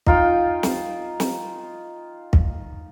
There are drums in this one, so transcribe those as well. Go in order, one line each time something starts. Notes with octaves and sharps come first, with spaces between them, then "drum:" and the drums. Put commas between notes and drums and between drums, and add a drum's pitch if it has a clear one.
D#4 F4 G5, drum: kick
drum: snare
drum: snare
drum: kick